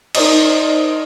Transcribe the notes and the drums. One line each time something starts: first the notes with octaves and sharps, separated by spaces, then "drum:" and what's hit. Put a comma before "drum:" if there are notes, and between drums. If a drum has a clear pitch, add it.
D#4 A#4 C5 D5 D#5, drum: cymbal